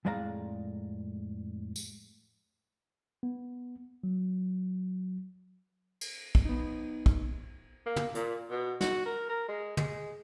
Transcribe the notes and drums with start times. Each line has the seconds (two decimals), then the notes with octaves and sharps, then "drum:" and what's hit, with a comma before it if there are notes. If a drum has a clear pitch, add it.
0.05 F2 A2 G#3 D5 F5 A#5
1.76 drum: tambourine
3.23 B3
4.04 F#3
6.01 drum: cymbal
6.35 drum: kick
6.45 B3 D#4
7.06 drum: kick
7.86 A#3
7.96 drum: tom
8.15 A#2, drum: hi-hat
8.50 B2
8.81 F#4, drum: snare
9.06 A#4
9.29 A#4
9.48 G#3
9.77 G#3, drum: tom